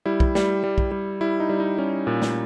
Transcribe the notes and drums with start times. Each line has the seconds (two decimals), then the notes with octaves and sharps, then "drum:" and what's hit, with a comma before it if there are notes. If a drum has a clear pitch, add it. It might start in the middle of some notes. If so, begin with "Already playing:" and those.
0.05 G3 E4
0.20 drum: kick
0.35 G3, drum: snare
0.64 G3
0.78 drum: kick
0.91 G3
1.21 G3 E4
1.40 D#4
1.49 G3
1.60 D#4
1.78 G3 C#4
2.07 A#2
2.22 drum: snare